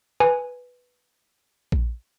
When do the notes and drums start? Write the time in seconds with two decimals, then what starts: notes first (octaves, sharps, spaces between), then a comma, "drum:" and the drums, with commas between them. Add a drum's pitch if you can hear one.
0.20 B4 G#5
1.72 drum: kick A#1